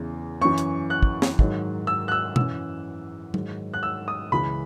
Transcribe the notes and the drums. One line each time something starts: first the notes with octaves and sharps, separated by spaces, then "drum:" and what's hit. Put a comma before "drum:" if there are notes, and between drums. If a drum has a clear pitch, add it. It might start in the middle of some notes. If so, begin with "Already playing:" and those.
Already playing: E2 C#3 E3
F#2 E3 C#6
drum: hi-hat
F#6
drum: kick
drum: snare
G#2 D#3 F#3, drum: kick
E6
F#6
E6
F#2 E3 E6, drum: tom B2
G#2 D#3 F#3, drum: tom
F#6
E6
D#6
C#2 C#3 E3 B5